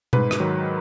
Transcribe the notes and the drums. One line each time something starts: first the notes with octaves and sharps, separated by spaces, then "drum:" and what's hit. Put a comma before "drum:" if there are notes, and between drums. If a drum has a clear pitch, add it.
G#2 B4, drum: tom B2
drum: rim click
D#3 F#3